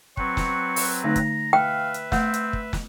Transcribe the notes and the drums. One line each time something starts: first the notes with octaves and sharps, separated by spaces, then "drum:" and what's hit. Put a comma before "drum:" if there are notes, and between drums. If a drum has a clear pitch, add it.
F#3 C4 B4 C#6, drum: kick
drum: snare
drum: open hi-hat
D3 A3 D#4 A#5
drum: kick, hi-hat
B4 E5 F5 G5
drum: hi-hat
A3 C4 F#5, drum: snare
drum: hi-hat
drum: kick
drum: snare